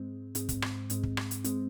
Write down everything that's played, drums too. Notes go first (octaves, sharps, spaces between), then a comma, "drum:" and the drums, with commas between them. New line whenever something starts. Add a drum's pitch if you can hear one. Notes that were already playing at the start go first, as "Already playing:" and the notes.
Already playing: G#2 G#3 C4
G#2 G#3 C4, drum: hi-hat
drum: kick, hi-hat
drum: rim click
G#2 G#3 C4, drum: hi-hat
drum: kick
drum: rim click
drum: hi-hat
G#3 C4, drum: hi-hat